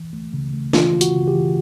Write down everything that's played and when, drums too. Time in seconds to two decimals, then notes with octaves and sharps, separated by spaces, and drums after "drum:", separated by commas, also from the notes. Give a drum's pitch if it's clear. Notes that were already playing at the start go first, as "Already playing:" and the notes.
Already playing: E3
0.13 A3
0.33 C#3
0.54 A3
0.73 E3 F4, drum: snare
0.95 C#3
1.01 F#4, drum: hi-hat
1.14 C#3
1.28 G4
1.34 E3